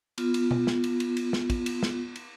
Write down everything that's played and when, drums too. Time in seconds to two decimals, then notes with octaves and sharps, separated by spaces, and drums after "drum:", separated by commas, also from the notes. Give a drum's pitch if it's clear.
0.18 B3 F4, drum: cymbal
0.34 drum: cymbal
0.51 drum: tom B2
0.67 drum: snare
0.84 drum: cymbal
1.00 drum: cymbal
1.17 drum: cymbal
1.33 drum: snare
1.50 drum: kick, cymbal
1.66 drum: cymbal
1.83 drum: snare
2.16 drum: cymbal